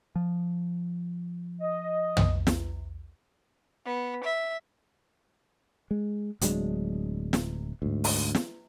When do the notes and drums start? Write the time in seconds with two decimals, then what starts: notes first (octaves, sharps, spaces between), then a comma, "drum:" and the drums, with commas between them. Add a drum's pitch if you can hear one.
0.16 F3
1.60 D#5
2.17 drum: tom
2.47 drum: snare
3.86 B3
4.25 E5
5.91 G#3
6.41 D1 F#3 G#3 D4, drum: hi-hat
7.33 drum: snare
7.82 D2 G#2
8.04 drum: open hi-hat
8.35 drum: snare